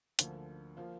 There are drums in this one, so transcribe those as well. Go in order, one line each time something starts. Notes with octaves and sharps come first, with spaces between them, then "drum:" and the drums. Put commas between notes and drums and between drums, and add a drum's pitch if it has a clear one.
D2 D3 F3 A#3, drum: hi-hat
F3 A#3 F4